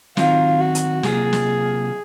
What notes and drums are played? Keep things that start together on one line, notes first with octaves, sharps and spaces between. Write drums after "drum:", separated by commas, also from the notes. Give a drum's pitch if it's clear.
D#3 F#3 C4 D#4 F4, drum: snare
F#4
drum: hi-hat
C3 F#3 A#3 F4 G#4, drum: snare
drum: snare